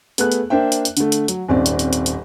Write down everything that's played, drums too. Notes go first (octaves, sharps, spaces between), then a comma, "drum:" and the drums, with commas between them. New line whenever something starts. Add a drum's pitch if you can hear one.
A3 B3 G#4 F#6, drum: hi-hat
drum: hi-hat
A#3 D4 C5 E5 G5
drum: hi-hat
drum: hi-hat
D3 A3, drum: hi-hat
drum: hi-hat
F#3, drum: hi-hat
D#1 G#1 C4 C#4 D5
drum: hi-hat
drum: hi-hat
drum: hi-hat
drum: hi-hat